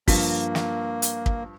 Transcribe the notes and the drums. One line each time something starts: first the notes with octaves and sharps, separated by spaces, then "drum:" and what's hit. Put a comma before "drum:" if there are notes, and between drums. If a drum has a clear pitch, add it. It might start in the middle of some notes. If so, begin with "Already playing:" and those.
G2 F3 A#3 B6, drum: kick, open hi-hat
drum: snare
drum: hi-hat
drum: kick